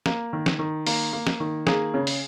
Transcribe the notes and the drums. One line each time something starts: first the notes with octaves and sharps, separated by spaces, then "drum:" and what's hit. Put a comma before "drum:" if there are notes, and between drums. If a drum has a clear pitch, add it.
A#3, drum: snare
D#3
drum: snare
D#3
A#3, drum: open hi-hat
A#3
drum: snare
D#3
A#3 G#4, drum: snare
C#3
drum: open hi-hat